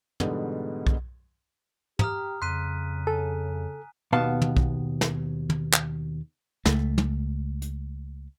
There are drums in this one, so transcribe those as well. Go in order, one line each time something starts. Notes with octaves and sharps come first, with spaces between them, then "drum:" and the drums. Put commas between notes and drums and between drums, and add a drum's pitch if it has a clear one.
G#2 B2 D3 E3 G3 B3, drum: tom
drum: kick B1
G4 A#5 D#6 F6, drum: tom
F2 C#3 C6 F#6 B6 D#7
A4 G#5
D#2 B2 B3 F5 A5
drum: tom
drum: kick B1
drum: snare
drum: tom
drum: clap
C#2 A3, drum: snare
drum: tom
drum: hi-hat